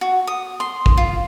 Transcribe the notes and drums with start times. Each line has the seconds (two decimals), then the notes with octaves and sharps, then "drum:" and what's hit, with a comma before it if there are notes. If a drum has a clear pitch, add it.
0.01 F#4
0.27 D#6
0.60 C6
0.86 drum: kick A1
0.97 F4